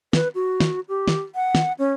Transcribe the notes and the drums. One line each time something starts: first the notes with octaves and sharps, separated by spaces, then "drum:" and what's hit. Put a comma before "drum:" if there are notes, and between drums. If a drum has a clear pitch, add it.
B4, drum: snare
F#4
drum: snare
G4
drum: snare
F#5
drum: snare
C#4